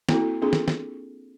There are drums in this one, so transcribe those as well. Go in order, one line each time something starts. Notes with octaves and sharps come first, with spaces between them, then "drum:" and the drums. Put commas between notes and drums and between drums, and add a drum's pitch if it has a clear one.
A#3 C4 E4 F#4 A4, drum: snare
A#3 C4 D4 F4 G#4 A4
drum: snare
drum: snare